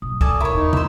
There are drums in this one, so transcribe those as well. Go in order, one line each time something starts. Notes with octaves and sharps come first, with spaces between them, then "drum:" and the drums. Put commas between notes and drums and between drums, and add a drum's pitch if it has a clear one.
B1 D#6
A4 D5 G#5 D#6, drum: kick
B2 E4 A#4 C#5 A#5 C#6
E2 D#4
C5 E5, drum: tom